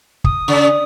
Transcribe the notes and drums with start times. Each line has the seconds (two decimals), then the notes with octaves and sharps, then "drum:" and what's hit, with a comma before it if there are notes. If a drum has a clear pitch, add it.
0.24 D#6, drum: kick
0.48 C#3